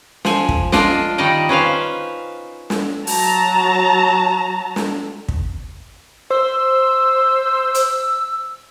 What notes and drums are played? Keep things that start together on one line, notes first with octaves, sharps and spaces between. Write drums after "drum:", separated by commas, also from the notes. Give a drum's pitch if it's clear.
F3 G#5, drum: snare
drum: kick
D4 F4 D5 D#5, drum: snare
D#3 G3 D#4 D5 D#5
C#4 B4 C5 F5
drum: snare
F#3 A5 A#5, drum: open hi-hat
drum: snare
drum: kick
C5 E6
drum: hi-hat